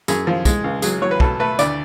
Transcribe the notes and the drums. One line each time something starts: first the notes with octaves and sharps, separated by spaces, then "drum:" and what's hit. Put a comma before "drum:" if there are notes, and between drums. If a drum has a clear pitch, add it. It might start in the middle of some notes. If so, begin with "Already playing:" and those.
F#2 G#4, drum: tambourine
F3
G#3, drum: kick, tambourine
C#2
F#3 G#4, drum: tambourine
F#3 C#5
B4
B2 A4, drum: kick
A3 B4
D2 D5, drum: tambourine